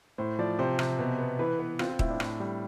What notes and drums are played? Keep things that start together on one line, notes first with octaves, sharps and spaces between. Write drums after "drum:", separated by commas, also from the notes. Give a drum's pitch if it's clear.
A2 C5
F3 D5
C3 C5
C3, drum: rim click
B2
B3
E3 B4
B3
C4 F4, drum: rim click
F4
A2 E4, drum: kick
D4
A2, drum: rim click
G3